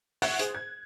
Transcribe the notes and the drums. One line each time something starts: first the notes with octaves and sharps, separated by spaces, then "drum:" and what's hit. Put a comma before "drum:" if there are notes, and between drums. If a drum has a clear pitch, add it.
E5 F#5 C#6 F#6 G#6 A6, drum: open hi-hat
G#4 C5, drum: hi-hat
G#6